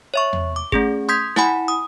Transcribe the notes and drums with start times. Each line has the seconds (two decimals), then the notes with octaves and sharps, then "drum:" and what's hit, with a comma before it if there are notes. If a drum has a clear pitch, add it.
0.14 C#5 E5 C#6
0.33 drum: tom E2
0.56 D6
0.72 A3 C#4 G#4, drum: kick
1.09 C6 D#6 G6 G#6 B6
1.36 E4 F#5 G#5 B5, drum: snare
1.68 D#6